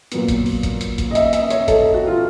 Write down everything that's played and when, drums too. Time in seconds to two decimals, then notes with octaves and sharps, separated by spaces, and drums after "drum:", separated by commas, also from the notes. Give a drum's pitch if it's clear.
0.12 A#2 F#3 B3, drum: hi-hat
0.28 drum: kick, hi-hat
0.46 drum: open hi-hat
0.63 drum: kick, hi-hat
0.81 drum: hi-hat
0.98 drum: kick, hi-hat
1.11 D#5
1.15 E5, drum: hi-hat
1.33 E5, drum: hi-hat
1.50 C#5, drum: hi-hat
1.68 A4, drum: kick, hi-hat
1.94 F#4
2.07 F4